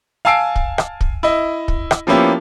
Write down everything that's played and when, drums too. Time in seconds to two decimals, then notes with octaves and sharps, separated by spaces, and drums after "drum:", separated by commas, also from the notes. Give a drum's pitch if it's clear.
0.25 F5 G#5 A5 E6 C7 D7
0.56 drum: kick
0.78 drum: rim click
1.01 drum: kick
1.23 E4 D#5
1.68 drum: kick
1.91 drum: rim click
2.07 F3 A#3 B3 C#4 E4 G4